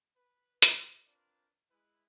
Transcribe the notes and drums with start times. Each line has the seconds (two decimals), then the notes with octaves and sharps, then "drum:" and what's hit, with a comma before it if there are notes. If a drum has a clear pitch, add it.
0.16 B4
0.62 C5, drum: hi-hat
1.06 C4 D4 F4 A#4 B4 D5
1.70 G#3 E4 B4